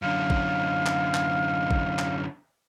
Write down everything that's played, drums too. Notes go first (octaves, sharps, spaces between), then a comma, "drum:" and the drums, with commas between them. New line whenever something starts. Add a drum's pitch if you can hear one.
F#2 D3 F5 F6
drum: kick
drum: clap
drum: clap
drum: kick
drum: clap